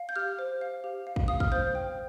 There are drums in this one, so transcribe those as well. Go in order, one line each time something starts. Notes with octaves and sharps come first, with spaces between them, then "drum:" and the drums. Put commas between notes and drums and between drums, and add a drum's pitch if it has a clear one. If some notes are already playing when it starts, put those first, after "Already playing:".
Already playing: F5
G6
G4 F6
C5
F5
G4
F5
drum: kick
F5 D#6
F6, drum: kick
C5 G6
G5